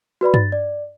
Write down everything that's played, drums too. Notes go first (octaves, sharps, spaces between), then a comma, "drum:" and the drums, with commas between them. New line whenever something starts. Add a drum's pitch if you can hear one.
F#4 B4 D5 B5
A6, drum: tom G2
D5